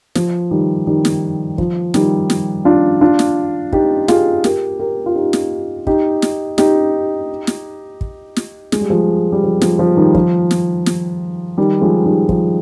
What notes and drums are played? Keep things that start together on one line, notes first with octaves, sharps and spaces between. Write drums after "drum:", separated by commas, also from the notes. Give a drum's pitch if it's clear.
F3, drum: snare
D#3 G3
D#3 G3
drum: snare
F3, drum: kick
D#3 G3, drum: snare
drum: snare
D4 F4
D4 F4
drum: snare
D#4 G4, drum: kick
F4 G#4, drum: snare
G4 A#4, drum: snare
G4 A#4
F4
D#4 G4
drum: snare
D#4 G4, drum: kick
drum: snare
D#4 G4, drum: snare
drum: snare
drum: kick
drum: snare
G#3, drum: snare
G3
F3 G#3
G3
F3
F3, drum: snare
F3
D#3 G3
F3, drum: kick
drum: snare
drum: snare
D#3 G3
F3 G#3
D#3 G3
F3, drum: kick